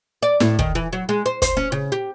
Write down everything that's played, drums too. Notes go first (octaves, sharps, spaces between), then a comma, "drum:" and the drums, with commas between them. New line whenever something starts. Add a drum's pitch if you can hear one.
D5
A2, drum: snare E4
D#3, drum: kick
E3
F#3
G#3
C5
C5, drum: kick, hi-hat
C#4
C#3
G4